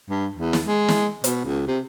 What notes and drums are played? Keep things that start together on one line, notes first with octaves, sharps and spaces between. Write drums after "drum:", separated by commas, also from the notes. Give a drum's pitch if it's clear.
G2
E2
drum: snare
G#3
drum: snare
B2, drum: hi-hat
C#2
C3